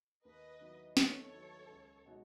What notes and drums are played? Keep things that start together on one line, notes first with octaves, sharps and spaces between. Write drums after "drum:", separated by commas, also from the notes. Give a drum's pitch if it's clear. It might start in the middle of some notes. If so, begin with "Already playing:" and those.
D#2 B4 D#5
D#3 F#3 B3 E4
D#2 A4 C#5, drum: snare
D#3 F#3 B3 E4
C#2
B2 G#3 D#4 F#4